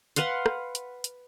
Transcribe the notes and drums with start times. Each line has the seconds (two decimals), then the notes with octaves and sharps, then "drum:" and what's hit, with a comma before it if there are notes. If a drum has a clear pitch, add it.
0.16 B4 F5 F#5 C6, drum: hi-hat
0.46 drum: rim click
0.75 drum: hi-hat
1.04 drum: hi-hat